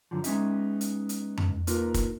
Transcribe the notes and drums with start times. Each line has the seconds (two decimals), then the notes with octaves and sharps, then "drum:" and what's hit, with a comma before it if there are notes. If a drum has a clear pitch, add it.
0.11 F#2 D3 E3 F3
0.24 G#3 B3 C#4 D#4 E5, drum: hi-hat
0.81 drum: hi-hat
1.09 drum: hi-hat
1.38 drum: tom F2
1.67 A#3 D#4 F4 A#4 B4, drum: hi-hat
1.94 drum: kick, hi-hat